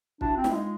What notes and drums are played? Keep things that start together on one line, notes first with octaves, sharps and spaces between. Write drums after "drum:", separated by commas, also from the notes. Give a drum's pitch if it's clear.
D4 E4 F#4, drum: kick
C4 F4
E4, drum: snare
G#3 D#4 F4